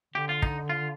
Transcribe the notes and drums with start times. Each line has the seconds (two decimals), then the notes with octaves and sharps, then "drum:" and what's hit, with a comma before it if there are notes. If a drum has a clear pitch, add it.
0.14 D3 G4
0.29 F4
0.42 D#4, drum: kick
0.69 F4